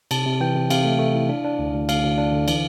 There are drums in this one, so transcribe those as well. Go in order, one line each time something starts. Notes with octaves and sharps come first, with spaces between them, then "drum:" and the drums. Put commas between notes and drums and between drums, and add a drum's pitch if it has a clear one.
C3 A5, drum: cymbal
C3
E3 G5
C3
C3 F5, drum: cymbal
A3
A3
E4
D4
D4
D2
D2
D2 F5, drum: cymbal
D2
D4
D3
E3, drum: cymbal